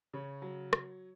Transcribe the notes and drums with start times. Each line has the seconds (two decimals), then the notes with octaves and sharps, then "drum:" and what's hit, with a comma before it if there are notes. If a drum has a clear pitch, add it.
0.13 C#3 C#5
0.42 F#3
0.73 drum: rim click